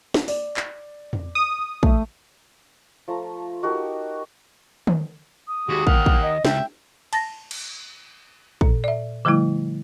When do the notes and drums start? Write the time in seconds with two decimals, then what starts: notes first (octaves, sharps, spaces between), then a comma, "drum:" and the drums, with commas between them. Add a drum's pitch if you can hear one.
0.14 drum: snare
0.28 D5, drum: open hi-hat
0.57 drum: clap
1.13 drum: tom
1.35 D#6
1.83 A3 E5, drum: kick
3.08 F3 A3 A#5
3.63 D#4 F#4 G4 A#4
4.87 drum: tom
5.48 D#6
5.69 D#2 G#3 F#4 G4
5.87 A#3 F#5 G5 F6, drum: kick
6.06 drum: kick
6.23 D#5
6.45 C#2 E5 G5, drum: snare
7.13 A5 A6 A#6, drum: cymbal
7.51 drum: cymbal
8.61 A#2, drum: kick
8.84 D5 E5
9.25 D3 F3 G3 A3 E4